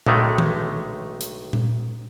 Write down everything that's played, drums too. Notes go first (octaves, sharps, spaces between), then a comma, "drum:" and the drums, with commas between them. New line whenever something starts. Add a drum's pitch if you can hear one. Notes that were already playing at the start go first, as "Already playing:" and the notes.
B1 A2 D3 D#3 G#3 A3, drum: tom A#2
drum: tom D#3
drum: hi-hat
drum: tom A#2